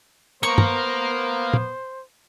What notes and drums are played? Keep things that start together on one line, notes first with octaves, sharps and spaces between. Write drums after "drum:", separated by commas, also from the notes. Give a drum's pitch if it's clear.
A#3 B3 A#4 C5 C#6
drum: tom
drum: tom